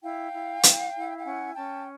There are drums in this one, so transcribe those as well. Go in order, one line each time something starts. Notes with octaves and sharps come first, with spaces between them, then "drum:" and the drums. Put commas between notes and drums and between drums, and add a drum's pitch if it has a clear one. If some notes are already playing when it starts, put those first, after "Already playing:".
E4 F5 G5
E4
E4, drum: hi-hat
E4
G5
C#4 F#5 G#5
C#4 G5 A5